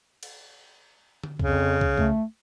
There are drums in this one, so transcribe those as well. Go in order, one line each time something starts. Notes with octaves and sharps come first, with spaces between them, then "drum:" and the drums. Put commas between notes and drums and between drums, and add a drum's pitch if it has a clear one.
drum: cymbal
drum: tom D3
F2 C#3, drum: kick
drum: kick
A3, drum: kick